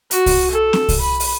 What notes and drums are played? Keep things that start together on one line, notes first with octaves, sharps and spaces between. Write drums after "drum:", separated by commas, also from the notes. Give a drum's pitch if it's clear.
F#4, drum: hi-hat
drum: kick C2, open hi-hat
A4
drum: snare
drum: kick C2, open hi-hat
B5
drum: open hi-hat